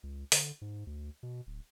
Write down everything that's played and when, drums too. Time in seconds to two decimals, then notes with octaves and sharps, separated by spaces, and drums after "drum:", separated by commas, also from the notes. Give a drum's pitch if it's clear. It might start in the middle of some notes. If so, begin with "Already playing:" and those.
0.03 C#2
0.32 D3, drum: open hi-hat
0.61 G#2
0.87 D2
1.23 B2
1.47 D1